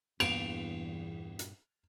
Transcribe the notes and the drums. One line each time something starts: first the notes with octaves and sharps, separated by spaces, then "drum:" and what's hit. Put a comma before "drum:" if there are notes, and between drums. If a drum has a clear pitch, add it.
E2 G2 A#2 B3 D7 F7, drum: cymbal
drum: hi-hat